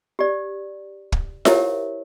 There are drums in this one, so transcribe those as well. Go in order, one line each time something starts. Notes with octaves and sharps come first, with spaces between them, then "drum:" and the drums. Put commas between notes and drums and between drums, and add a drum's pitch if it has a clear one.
G4 D5
drum: kick
E4 G4 A#4 C5 C#5 E5, drum: snare F4